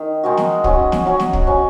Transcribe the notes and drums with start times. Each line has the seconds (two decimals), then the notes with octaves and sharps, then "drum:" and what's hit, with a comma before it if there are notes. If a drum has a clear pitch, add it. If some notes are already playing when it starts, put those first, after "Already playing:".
Already playing: D#3
0.23 D#3 G#3 D#4 F#4
0.37 drum: snare
0.64 F#3 C#4 F#4, drum: kick
0.92 drum: snare
1.05 F#3 C#4 F#4
1.20 drum: snare
1.33 drum: kick
1.47 F#3 C#4 F#4